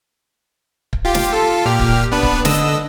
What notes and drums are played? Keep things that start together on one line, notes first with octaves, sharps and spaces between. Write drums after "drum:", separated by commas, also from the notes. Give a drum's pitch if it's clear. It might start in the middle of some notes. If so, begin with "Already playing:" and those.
drum: kick
F4 G4
drum: snare
F4 A4
A#2 G4 F6
drum: kick
B3 D4 B4
drum: kick
D3 D#5 E6, drum: snare